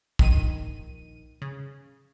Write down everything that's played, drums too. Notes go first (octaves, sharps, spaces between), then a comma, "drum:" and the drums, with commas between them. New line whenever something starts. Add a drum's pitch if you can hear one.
A#1 D#3 D#7, drum: kick
C#3